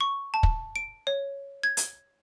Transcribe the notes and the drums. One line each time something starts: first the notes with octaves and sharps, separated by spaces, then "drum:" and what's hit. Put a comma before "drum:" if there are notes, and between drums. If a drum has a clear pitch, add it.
C#6
A5
drum: kick
D7
C#5
G#6
drum: hi-hat